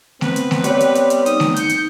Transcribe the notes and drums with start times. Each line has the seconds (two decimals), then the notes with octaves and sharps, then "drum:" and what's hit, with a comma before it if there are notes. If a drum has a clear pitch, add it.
0.21 B3 C4 B4, drum: snare A3
0.36 drum: hi-hat
0.51 drum: snare A3
0.64 G3 C#5, drum: hi-hat
0.80 drum: hi-hat
0.95 drum: hi-hat
1.10 drum: hi-hat
1.26 D#4 D#6, drum: hi-hat
1.40 drum: snare A3
1.56 G6 C#7, drum: hi-hat
1.69 drum: hi-hat